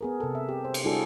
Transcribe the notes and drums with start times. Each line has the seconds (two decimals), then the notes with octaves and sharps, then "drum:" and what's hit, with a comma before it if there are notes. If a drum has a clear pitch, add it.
0.01 B3 G#4 A#4
0.20 C3 A4
0.35 E5
0.49 G4
0.65 C5
0.74 drum: cymbal
0.84 G3 D4 E4 F#4 G#4 A4